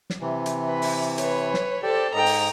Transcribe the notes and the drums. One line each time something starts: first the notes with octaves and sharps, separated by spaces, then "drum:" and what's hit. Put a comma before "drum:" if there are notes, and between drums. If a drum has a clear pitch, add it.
drum: snare
C3 E3
drum: hi-hat
B4
drum: open hi-hat
B4 C#5, drum: hi-hat
drum: snare
G4 A4 C5 D5
G#2 D#5 G5 A#5
drum: open hi-hat